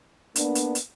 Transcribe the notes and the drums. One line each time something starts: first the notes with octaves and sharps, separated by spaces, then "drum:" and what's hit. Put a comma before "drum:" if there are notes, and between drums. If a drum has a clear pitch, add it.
A#3 B3 D4, drum: hi-hat
drum: hi-hat
drum: hi-hat